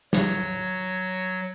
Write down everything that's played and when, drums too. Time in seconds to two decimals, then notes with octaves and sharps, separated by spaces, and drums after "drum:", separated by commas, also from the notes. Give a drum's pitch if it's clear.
0.13 F#3 C#5, drum: snare